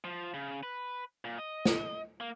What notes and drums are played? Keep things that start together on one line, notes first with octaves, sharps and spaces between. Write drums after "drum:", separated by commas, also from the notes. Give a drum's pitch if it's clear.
F3
C#3
B4
A#2
D#5
drum: snare
A#3